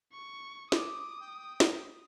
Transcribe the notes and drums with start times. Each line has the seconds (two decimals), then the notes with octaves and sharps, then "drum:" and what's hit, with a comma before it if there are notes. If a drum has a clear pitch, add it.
0.13 C#6
0.72 D6 D#6, drum: snare
1.20 G5
1.60 drum: snare